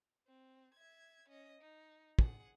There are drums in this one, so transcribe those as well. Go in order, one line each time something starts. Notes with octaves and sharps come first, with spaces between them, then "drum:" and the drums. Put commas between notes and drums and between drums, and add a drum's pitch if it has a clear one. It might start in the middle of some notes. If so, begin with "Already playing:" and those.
C4
E5 G#6
C#4 D#5
D#4
G#4 F#5, drum: kick